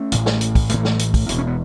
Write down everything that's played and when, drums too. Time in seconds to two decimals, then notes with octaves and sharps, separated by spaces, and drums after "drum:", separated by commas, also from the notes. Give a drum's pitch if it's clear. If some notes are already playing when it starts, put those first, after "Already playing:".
Already playing: A3 C#4
0.12 A1 A2, drum: hi-hat
0.26 drum: snare
0.41 drum: hi-hat
0.55 drum: kick, open hi-hat
0.69 A1 A2 E3 A3, drum: hi-hat
0.85 drum: snare
0.99 drum: hi-hat
1.14 drum: kick, open hi-hat
1.29 E1 E2 B2, drum: hi-hat
1.38 C#4
1.47 B3